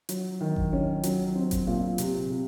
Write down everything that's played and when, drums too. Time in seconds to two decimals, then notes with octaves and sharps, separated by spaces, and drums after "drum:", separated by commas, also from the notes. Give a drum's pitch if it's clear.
0.09 F#3, drum: hi-hat
0.41 D#3
0.56 drum: kick G1
0.73 C#4
1.03 F#3, drum: hi-hat
1.35 C4
1.51 drum: kick G1, hi-hat
1.67 A#2
1.98 C3, drum: hi-hat
2.30 C3